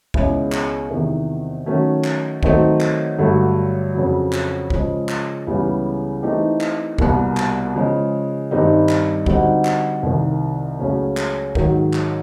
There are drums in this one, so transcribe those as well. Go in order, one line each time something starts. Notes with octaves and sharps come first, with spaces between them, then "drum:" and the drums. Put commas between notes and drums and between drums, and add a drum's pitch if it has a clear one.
C#2 B2 G#3 C#4 E4, drum: kick C2
drum: clap
E2 C3 D#3
D#3 F#3 A3 C#4
drum: clap
D#3 F#3 A3 C4 D#4, drum: kick C2
drum: clap
G2 D3 F#3 A3
F2 C#3 F#3
drum: clap
C#3 F3 G#3, drum: kick C2
drum: clap
C#2 C#3 E3 G3 B3
E3 A3 C4 D#4 G4
drum: clap
C2 B2 G3 A#3, drum: kick C2
drum: clap
C#3 F3 G#3
G2 D#3 G3 C4 D#4
drum: clap
D3 G3 C4 D#4 F#4, drum: kick C2
drum: clap
C2 C3 D#3
C#2 C#3 F#3 A3 C#4
drum: clap
G#2 D#3 F#3, drum: kick C2
drum: clap